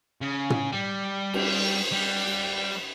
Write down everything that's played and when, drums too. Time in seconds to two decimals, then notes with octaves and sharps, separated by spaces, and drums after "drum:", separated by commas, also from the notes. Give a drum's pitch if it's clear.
0.21 C#3
0.50 drum: tom
0.72 G3
1.33 drum: cymbal
1.92 G3